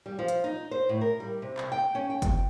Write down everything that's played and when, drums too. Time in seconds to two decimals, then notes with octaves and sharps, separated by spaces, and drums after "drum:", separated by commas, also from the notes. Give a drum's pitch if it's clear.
0.06 G3
0.19 F3
0.28 drum: hi-hat
0.44 D#4
0.71 C5
0.89 A2
1.01 A#4
1.20 G3
1.42 C3
1.58 drum: clap
1.72 G5
1.95 C#4
2.10 G5
2.22 drum: kick F#1, hi-hat